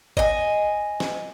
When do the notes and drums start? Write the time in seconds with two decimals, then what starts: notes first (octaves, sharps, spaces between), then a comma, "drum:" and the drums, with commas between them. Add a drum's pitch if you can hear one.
0.17 D#5 G#5, drum: kick G1
1.00 drum: snare